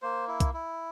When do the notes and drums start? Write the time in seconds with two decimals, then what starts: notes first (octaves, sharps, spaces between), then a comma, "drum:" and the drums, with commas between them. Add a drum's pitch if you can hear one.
0.02 A#3 C5
0.28 E4
0.40 drum: kick B1, hi-hat
0.54 E4